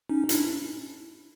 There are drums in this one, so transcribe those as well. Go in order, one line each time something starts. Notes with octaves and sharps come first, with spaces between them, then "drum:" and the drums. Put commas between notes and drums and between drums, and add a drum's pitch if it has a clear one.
C#4 D#4
D4 E4, drum: hi-hat